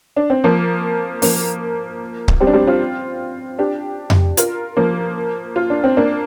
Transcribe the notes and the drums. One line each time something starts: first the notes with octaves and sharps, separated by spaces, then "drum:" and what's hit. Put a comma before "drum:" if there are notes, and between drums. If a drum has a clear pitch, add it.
D4
C4
F3 A#3
F3 A#3, drum: open hi-hat
drum: kick C#1
G3 C4
D4
G3 C4
C4 F4
D4 G4
drum: tom F2
F4 A#4, drum: hi-hat
F3 A#3
F4
D4
C4
A#3 D4